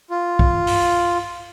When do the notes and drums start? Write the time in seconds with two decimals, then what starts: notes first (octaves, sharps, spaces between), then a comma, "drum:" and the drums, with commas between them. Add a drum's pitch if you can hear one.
0.10 F4
0.39 drum: kick B1
0.67 drum: open hi-hat